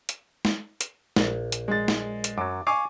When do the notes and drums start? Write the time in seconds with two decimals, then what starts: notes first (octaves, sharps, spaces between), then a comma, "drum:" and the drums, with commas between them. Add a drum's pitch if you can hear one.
0.09 drum: hi-hat
0.45 drum: snare
0.81 drum: hi-hat
1.16 A#1, drum: snare
1.52 drum: hi-hat
1.68 G#3 A6
1.88 drum: snare
2.24 drum: hi-hat
2.38 F#2 F#3 D6
2.67 F5 G#5 C#6 D6